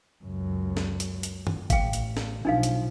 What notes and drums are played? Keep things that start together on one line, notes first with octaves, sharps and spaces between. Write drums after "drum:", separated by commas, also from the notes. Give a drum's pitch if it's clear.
C#2 F#2
drum: snare
drum: hi-hat
drum: hi-hat
drum: tom
A1 F5 G5, drum: kick, hi-hat
drum: hi-hat
drum: snare
B1 F3 D4 D#4 F5
drum: hi-hat